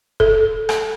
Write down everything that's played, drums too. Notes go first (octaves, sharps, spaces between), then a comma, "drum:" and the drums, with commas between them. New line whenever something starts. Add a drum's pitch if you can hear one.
A4, drum: kick
drum: rim click